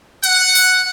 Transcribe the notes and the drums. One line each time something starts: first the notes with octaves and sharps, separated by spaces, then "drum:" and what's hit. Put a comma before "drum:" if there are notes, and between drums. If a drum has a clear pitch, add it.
F#5, drum: hi-hat
drum: open hi-hat